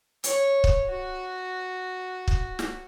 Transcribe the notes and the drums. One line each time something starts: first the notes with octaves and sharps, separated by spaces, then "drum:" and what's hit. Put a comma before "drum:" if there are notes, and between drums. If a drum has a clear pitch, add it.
C#5, drum: hi-hat
drum: kick
F#4
drum: kick
drum: snare